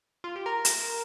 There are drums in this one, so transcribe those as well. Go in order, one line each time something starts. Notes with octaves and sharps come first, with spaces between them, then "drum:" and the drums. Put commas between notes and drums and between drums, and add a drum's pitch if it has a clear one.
F4
G4
A#4
drum: hi-hat